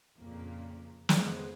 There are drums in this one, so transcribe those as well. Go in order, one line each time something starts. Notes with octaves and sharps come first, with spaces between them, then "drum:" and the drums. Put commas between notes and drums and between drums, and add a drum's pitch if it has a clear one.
F2 A#2 C#3 A#3
F2 C#3 G#3 B3 C5, drum: snare